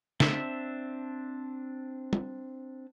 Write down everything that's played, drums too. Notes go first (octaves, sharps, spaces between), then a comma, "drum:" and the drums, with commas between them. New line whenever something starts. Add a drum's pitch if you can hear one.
C4 D4 E5, drum: snare
drum: tom